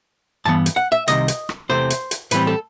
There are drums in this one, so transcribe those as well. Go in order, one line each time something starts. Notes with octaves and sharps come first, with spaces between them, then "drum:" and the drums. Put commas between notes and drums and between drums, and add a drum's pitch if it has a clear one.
G2 E3 B3 A5
drum: hi-hat
F#5
E5
C2 C3 D#3 D#5, drum: hi-hat
drum: hi-hat
drum: rim click
E2 C3 E3 A3 C4 C5
drum: hi-hat
drum: hi-hat
A2 E3 G3 C4 B4, drum: hi-hat
A4